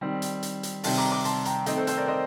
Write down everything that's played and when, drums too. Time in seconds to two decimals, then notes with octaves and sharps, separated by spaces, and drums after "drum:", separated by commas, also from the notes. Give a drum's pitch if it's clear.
0.01 D#3 G3 C4
0.22 drum: hi-hat
0.43 drum: hi-hat
0.63 drum: hi-hat
0.84 C3 D#3 G3 C4 A5 C6, drum: open hi-hat
0.98 A#5 D6
1.12 A#5 D6
1.25 A5 C6, drum: hi-hat
1.46 G5 A#5, drum: hi-hat
1.66 D#3 A3 C4 D#5 G5, drum: hi-hat
1.77 A4 C5
1.87 A4 C5, drum: hi-hat
1.97 A#4 D5
2.08 C5 D#5